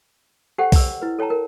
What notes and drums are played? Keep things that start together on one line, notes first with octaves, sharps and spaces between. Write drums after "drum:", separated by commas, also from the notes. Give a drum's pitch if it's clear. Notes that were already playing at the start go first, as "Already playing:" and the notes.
G4 A4 C5 F#5 G5
G4 D5 E6, drum: kick B1, open hi-hat
E4 B4
A4 C#5 G5 A5 A#5
A#4